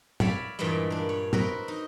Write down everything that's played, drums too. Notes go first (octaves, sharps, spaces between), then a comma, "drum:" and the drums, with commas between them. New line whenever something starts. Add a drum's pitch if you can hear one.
C#5 D5 E5 F5 B5, drum: tom
G2 A#2 E3 G3 G#3
A#3 D4
C#5
C4 F#4 A#4 B4 D#5, drum: tom
D#4